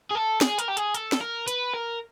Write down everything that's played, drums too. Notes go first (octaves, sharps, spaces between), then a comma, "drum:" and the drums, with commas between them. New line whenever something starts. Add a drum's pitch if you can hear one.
G#4
A4
G#4, drum: snare
A#4, drum: hi-hat
G4
G#4, drum: hi-hat
A4, drum: hi-hat
drum: snare
A#4
B4, drum: hi-hat
A#4